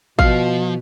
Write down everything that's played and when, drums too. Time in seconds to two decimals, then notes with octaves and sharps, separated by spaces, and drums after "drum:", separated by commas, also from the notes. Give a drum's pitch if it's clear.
0.19 B2 F3 F5, drum: kick G#1